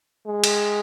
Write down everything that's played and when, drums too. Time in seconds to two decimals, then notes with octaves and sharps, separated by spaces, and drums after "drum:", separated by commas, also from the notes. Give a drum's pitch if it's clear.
0.26 G#3
0.44 drum: cymbal